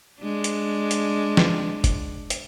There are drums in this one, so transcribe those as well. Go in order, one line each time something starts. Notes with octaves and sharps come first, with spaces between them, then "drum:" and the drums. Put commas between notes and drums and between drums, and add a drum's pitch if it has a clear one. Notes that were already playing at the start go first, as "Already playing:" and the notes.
G#3 D4
drum: hi-hat
drum: hi-hat
drum: snare
drum: kick, hi-hat
drum: hi-hat